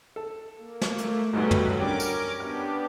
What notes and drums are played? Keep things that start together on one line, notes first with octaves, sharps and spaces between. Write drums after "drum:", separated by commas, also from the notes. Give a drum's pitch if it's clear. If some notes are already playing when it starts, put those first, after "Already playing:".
A4
A#3
drum: snare
A3, drum: hi-hat
B1 G#2 F#3 G3 A3 B4
drum: tom
C#4 D4 G4 A#4 D6
drum: tambourine
B3 D4 G4 F6